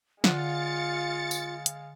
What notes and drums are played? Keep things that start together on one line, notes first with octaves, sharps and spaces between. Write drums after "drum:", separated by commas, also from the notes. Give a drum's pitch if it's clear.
D3 G#3 F4 F5 F#5 A6 C#7, drum: snare
drum: tambourine
drum: hi-hat